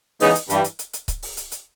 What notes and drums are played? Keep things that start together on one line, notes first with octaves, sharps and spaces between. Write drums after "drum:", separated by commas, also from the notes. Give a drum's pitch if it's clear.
C#3 E3 G#3 B3 D#4, drum: open hi-hat
drum: hi-hat
G2 E3 G3, drum: hi-hat
drum: hi-hat
drum: hi-hat
drum: hi-hat
drum: kick C#1, hi-hat
drum: open hi-hat
drum: hi-hat
drum: hi-hat